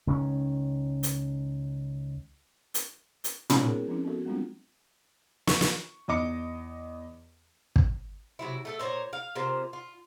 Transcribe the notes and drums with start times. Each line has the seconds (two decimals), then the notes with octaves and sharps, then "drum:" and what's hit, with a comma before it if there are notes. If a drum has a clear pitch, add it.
0.07 C#2 D#3 C4 C#4
1.03 drum: hi-hat
2.74 drum: hi-hat
3.24 drum: hi-hat
3.50 G#3 A#3 C#4 D#4 C#5, drum: tom
3.65 B3 F4 G#4 A#4
3.87 F3 C4 C#4 E4
4.05 B3 F#4 A4
4.26 G3 G#3 B3 C4 D4 F4
5.47 C#6, drum: snare
5.61 drum: snare
6.08 E2 D#5 D6 C#7
7.76 drum: kick
8.39 C3 F#3 E4
8.65 A3 G4 A4
8.79 A#2 C5 C#5 A#5
9.13 F5
9.35 C3 A#3 F4 C5
9.73 F4